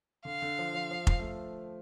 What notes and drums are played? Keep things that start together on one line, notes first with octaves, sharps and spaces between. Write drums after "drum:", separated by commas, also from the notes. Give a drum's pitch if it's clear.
D3 F5
D3
F3
F3
F3
drum: kick F1
A3